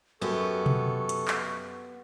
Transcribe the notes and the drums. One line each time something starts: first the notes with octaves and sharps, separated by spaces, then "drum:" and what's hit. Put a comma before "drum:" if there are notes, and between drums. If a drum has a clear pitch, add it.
F#2 B3 G4 A4 C#6
drum: tom B2
drum: hi-hat
drum: clap